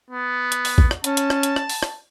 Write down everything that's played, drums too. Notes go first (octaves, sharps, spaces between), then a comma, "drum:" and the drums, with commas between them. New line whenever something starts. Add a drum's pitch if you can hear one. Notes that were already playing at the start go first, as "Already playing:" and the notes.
B3
drum: hi-hat
drum: open hi-hat
drum: kick
drum: rim click
C#4 A5, drum: hi-hat
drum: hi-hat
drum: rim click
drum: hi-hat
drum: rim click
drum: open hi-hat
drum: rim click